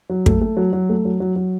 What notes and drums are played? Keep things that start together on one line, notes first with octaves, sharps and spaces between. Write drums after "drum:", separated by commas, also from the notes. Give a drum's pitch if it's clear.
F#3
A3, drum: kick
A3
F#3
F#3
A3
F#3
F#3
F#3